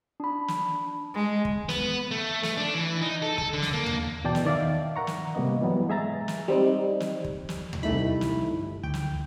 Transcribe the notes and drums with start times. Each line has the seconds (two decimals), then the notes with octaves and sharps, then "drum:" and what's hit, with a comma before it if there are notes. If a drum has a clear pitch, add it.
0.20 D4 B5
0.48 drum: snare
1.14 G#3
1.45 drum: kick
1.69 B3, drum: snare
2.11 A3
2.43 A3, drum: snare
2.57 D4
2.74 E3
3.02 D#4
3.22 A4
3.38 A4, drum: kick
3.53 D3
3.62 drum: snare
3.73 A#3
3.86 drum: tom D#2
4.24 E2 B2 D5 G5 A5
4.35 drum: snare
4.45 D#3 D5 E5 F5
4.96 A#4 F#5 A#5 C#6
5.07 drum: snare
5.35 C3 G3 A#3 B3 D#5
5.61 E3 F#3 G3 B3
5.89 G#3 G#4 E5 A#5 A6
6.28 drum: snare
6.48 G3 C4 D#4
7.00 drum: snare
7.25 drum: kick
7.49 drum: snare
7.73 drum: tom D#2
7.83 C2 A3 D#4 E4 B5
8.21 drum: snare
8.51 G1
8.83 D2 G5
8.94 drum: snare